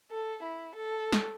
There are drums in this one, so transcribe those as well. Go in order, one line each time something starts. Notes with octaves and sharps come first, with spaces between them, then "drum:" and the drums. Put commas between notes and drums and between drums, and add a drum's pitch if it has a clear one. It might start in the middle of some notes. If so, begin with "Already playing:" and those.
A4
E4
A4
drum: snare